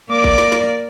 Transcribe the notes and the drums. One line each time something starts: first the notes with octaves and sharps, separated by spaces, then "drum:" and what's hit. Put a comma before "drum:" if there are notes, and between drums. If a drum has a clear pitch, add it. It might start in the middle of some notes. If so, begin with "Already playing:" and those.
A#3 D5 D6
drum: kick G#1
drum: snare
drum: snare